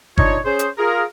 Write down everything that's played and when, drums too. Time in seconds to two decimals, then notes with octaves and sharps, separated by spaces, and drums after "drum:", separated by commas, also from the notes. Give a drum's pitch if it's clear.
0.18 D4 D#4 F4 C#5, drum: kick G1
0.45 C#4 G#4 C5
0.59 drum: hi-hat
0.78 F4 G#4 A#4